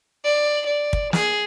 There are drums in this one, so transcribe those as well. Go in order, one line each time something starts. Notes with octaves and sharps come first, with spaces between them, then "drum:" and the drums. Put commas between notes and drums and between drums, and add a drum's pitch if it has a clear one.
D5
D5
drum: kick
G#4, drum: snare